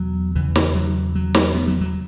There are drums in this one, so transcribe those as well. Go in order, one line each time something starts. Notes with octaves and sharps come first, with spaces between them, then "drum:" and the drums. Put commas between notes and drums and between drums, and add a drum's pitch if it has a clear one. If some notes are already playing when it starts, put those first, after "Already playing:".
Already playing: E2 B2 F#3
E2 C#3 E3
drum: snare
F#3
F#3
drum: snare
F#3 B3
F#3
F#3